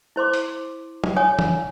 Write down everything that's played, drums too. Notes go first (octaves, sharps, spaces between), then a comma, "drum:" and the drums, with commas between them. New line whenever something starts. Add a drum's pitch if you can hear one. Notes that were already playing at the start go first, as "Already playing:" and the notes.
E4 C5 C6 D6
drum: hi-hat
drum: tom
C#5 F#5 G#5 D#6
drum: tom